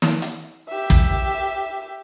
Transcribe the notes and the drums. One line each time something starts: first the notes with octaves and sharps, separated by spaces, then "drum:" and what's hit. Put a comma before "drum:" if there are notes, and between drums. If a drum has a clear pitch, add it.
drum: snare
drum: hi-hat
G4 E5
drum: kick